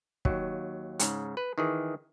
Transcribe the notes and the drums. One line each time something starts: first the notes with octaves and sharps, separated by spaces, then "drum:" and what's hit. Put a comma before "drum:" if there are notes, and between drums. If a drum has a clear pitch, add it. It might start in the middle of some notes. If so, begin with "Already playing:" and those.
D#2 F#3, drum: kick
G#2 C#3, drum: hi-hat
B4
D#3 E3 G#4